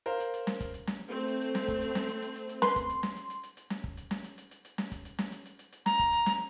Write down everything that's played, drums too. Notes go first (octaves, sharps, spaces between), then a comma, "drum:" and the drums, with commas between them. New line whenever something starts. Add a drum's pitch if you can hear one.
A#4 C5 F5
drum: hi-hat
drum: hi-hat
drum: snare
drum: kick, hi-hat
drum: hi-hat
drum: snare
A3 C4
drum: hi-hat
drum: hi-hat
drum: snare
drum: kick, hi-hat
drum: hi-hat
drum: snare
drum: hi-hat
drum: hi-hat
drum: hi-hat
drum: hi-hat
B4 C6, drum: snare
drum: kick, hi-hat
drum: hi-hat
drum: snare
drum: hi-hat
drum: hi-hat
drum: hi-hat
drum: hi-hat
drum: snare
drum: kick
drum: hi-hat
drum: snare
drum: hi-hat
drum: hi-hat
drum: hi-hat
drum: hi-hat
drum: snare
drum: kick, hi-hat
drum: hi-hat
drum: snare
drum: hi-hat
drum: hi-hat
drum: hi-hat
drum: hi-hat
A#5, drum: snare
drum: kick, hi-hat
drum: hi-hat
drum: snare